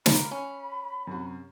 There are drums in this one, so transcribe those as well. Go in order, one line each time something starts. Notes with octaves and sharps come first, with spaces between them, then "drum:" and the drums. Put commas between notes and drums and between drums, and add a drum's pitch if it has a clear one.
A#3 F4 A#4 B5, drum: snare
C#4
F#2 C3 F#4